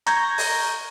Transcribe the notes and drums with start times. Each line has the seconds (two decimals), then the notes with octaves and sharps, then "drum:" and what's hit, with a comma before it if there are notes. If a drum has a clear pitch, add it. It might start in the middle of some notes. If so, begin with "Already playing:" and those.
0.06 A#5 C#6 G6 G#6 A#6, drum: hi-hat
0.38 drum: open hi-hat